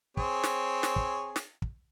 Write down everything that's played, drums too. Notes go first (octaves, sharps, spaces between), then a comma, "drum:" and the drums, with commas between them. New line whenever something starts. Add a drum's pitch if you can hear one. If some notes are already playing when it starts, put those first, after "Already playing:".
C4 G#4 C#5, drum: kick
drum: snare
drum: snare
drum: kick
drum: snare
drum: kick